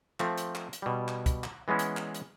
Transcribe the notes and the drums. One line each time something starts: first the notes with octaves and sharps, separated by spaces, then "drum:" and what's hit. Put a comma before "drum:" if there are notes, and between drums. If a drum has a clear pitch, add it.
F3 A3 C4, drum: clap
drum: hi-hat
drum: clap
drum: hi-hat
B2 G3
drum: clap
drum: kick C2, hi-hat
drum: clap
E3 G#3 B3 C#4 E4
drum: hi-hat
drum: clap
drum: hi-hat